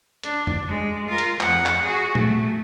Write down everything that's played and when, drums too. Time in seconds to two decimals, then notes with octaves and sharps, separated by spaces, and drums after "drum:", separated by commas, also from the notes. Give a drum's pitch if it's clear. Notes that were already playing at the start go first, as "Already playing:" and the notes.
0.23 D4, drum: hi-hat
0.47 drum: tom F2
0.68 G#3
1.08 F4 A#4
1.18 drum: hi-hat
1.41 F2 F#5, drum: clap
1.66 drum: clap
1.83 F#4 G#4
2.15 A3, drum: tom A#2